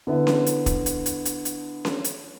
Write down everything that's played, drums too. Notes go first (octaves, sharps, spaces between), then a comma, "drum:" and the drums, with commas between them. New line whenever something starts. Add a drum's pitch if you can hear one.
D3 B3 E4
drum: snare C#4
drum: hi-hat
drum: kick, hi-hat
drum: hi-hat
drum: hi-hat
drum: hi-hat
drum: hi-hat
drum: snare C#4
drum: hi-hat